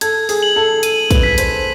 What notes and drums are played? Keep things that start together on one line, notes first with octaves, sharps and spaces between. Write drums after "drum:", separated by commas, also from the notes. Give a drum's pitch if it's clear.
A4 G#6, drum: hi-hat
G#4, drum: open hi-hat
F#7
A4
D#7, drum: hi-hat
B4, drum: kick, hi-hat
B6
C5, drum: hi-hat